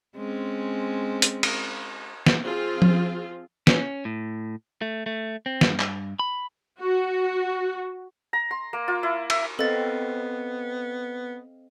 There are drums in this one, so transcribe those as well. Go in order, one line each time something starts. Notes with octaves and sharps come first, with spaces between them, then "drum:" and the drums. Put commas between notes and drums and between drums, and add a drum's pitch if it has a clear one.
G#3 C4 C#4
drum: hi-hat
drum: cymbal
drum: snare
F3 C4 F4 G#4
drum: tom F3
C#4, drum: snare
A2
A3
A3
C4
G2, drum: snare
drum: clap
B5
F#4
A#5
C6
A#3
F4
E4
E5, drum: cymbal
B3 C4 A4 D#5 F5 A6